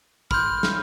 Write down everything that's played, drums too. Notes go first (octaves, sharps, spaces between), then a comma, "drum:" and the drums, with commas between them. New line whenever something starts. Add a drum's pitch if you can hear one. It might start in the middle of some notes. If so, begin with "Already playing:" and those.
B5 C6 F6 G6, drum: kick
drum: snare